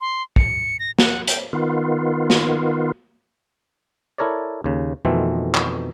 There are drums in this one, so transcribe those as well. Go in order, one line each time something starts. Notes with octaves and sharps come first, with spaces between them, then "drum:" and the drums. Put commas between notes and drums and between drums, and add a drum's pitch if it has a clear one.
C6
C#7, drum: kick
A#6
F#5, drum: snare
G5, drum: hi-hat
D#3 B3 F4
drum: snare
E4 A4 A#4 C#5 D5
D#2 C#3
F2 B2 D#3 E3 A3 C4
drum: clap